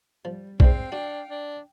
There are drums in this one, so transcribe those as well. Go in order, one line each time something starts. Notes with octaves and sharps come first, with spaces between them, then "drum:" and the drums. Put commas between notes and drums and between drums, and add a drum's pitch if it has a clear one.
F3 G3
G#2 E3 C4 D4 F5 G5, drum: kick B1
D4 F#4
D4